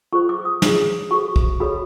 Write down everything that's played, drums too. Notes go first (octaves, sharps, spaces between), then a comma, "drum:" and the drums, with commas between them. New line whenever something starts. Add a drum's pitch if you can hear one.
F4 A4 C5 C#6
D6
D#6
F4 G#4 C#5, drum: snare
F#4 A4 C5 C#6
drum: kick
F#4 A4 C#5 B5